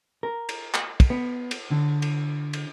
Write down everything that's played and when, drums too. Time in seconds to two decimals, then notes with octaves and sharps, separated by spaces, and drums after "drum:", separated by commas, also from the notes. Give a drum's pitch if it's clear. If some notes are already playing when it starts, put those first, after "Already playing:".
0.23 A#4
0.49 drum: cymbal
0.74 drum: clap
1.00 drum: kick, cymbal
1.10 B3
1.51 drum: cymbal
1.71 D3
2.02 drum: cymbal
2.53 drum: cymbal